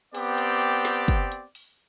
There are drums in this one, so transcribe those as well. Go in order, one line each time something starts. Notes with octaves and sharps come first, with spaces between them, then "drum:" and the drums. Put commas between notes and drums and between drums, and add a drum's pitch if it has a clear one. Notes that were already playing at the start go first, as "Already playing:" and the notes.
B3 C4 G4 D5, drum: open hi-hat
drum: hi-hat
drum: hi-hat
drum: snare
drum: kick, hi-hat
drum: hi-hat
drum: open hi-hat